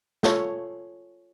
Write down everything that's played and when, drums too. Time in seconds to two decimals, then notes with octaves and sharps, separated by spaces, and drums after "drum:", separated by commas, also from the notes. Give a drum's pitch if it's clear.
0.23 F4 A4 C#5, drum: snare